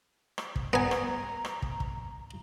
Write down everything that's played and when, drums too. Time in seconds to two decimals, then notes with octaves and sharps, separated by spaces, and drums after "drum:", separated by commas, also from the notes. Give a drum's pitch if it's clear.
0.38 drum: rim click
0.56 drum: kick
0.73 B3 G#5 A#5
0.91 drum: rim click
1.45 drum: rim click
1.62 drum: kick
1.80 drum: kick